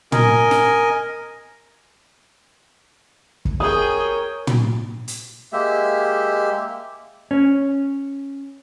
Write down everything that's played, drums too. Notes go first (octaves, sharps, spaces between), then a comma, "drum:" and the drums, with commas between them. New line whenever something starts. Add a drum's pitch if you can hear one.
A#4 D#5 G#5, drum: tom
drum: snare
drum: kick
G#4 A#4 C#5 G5 D#6
drum: tom
drum: hi-hat
G#3 A#3 G4 E5
C#4